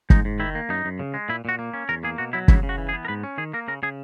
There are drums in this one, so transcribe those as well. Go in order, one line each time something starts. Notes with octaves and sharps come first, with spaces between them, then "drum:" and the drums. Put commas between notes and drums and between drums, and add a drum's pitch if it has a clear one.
G#2 D#4, drum: kick
G#2
D#3 E4
A#3
F#2 D#4
F#2
C#3
G#3
A#2 E4
A#2 F#4
A#3
C#4
E2 A#4
A#3 G#4
B2 F#4
F#3 E4
C#3 E4, drum: kick
C#3
F#4
E3
G#4
B3
A#4
G#2 B4
C#4
D#3 G#4
A#3 A#4
C#3 A#4
C#3 G#4